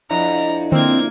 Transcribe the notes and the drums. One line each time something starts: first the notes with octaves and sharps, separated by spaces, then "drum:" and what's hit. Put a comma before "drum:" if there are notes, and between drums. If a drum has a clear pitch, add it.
F2 D4 E4 A#5
A#3 C4 G#6, drum: tom D3